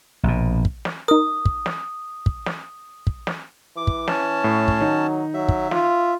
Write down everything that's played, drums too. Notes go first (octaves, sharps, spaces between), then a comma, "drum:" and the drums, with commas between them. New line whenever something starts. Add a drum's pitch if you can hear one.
A#1 B2
drum: kick
drum: snare
D#4 A#4 D#6
drum: kick
drum: snare
drum: kick
drum: snare
drum: kick
drum: snare
E3 D6
drum: kick
C#4 A5, drum: snare
A2
drum: kick
D#3 F#3 D#4
F#3 E5
drum: kick
F4, drum: snare